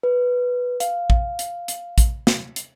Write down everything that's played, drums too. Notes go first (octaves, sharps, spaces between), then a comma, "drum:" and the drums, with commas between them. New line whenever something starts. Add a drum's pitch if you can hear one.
B4
F5, drum: hi-hat
drum: kick
drum: hi-hat
drum: hi-hat
drum: kick, hi-hat
drum: snare
drum: hi-hat